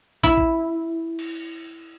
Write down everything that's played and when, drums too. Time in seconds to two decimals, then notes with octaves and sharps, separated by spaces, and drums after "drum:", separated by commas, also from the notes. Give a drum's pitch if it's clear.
0.23 E4, drum: kick
0.38 drum: kick
1.19 drum: cymbal